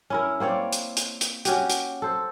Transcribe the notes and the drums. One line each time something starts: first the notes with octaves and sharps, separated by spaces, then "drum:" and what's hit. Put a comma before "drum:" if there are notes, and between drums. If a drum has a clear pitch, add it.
C#4 E4 A#4
A#3 C4 C#5 D5
drum: hi-hat
drum: hi-hat
drum: hi-hat
C#4 F#4 G4, drum: hi-hat
drum: hi-hat
A4 C5